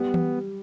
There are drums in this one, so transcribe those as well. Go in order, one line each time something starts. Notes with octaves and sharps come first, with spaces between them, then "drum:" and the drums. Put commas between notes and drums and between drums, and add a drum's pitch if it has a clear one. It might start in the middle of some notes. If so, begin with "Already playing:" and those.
Already playing: G3 B3
drum: tom E3